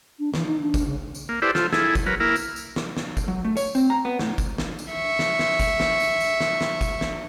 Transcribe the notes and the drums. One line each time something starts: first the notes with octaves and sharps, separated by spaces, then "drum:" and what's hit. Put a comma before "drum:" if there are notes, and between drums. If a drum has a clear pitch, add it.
D4
E3, drum: snare
D#4
D4
drum: kick, tambourine
C#3
drum: tambourine
A#3
E4 G4 A4 B4 C5 D5
F4 A4 C5, drum: snare
E4 G#4 A4, drum: snare
drum: kick, tambourine
F#3 A#4 B4
A#3 E4 A#4
drum: tambourine
drum: tambourine
drum: snare
drum: snare
drum: kick, tambourine
F#3
A3
C#5, drum: tambourine
C4, drum: tambourine
A#5
B3
A2, drum: snare
drum: kick, tambourine
drum: snare
drum: tambourine
E5 C#6
drum: snare
drum: snare
drum: kick, tambourine
drum: snare
drum: tambourine
drum: tambourine
drum: snare
drum: snare
drum: kick, tambourine
drum: snare